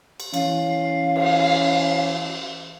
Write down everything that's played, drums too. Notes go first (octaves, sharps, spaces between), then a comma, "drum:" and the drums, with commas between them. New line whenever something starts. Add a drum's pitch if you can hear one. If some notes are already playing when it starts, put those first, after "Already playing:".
drum: cymbal
E3 C#4 F5, drum: cymbal
drum: cymbal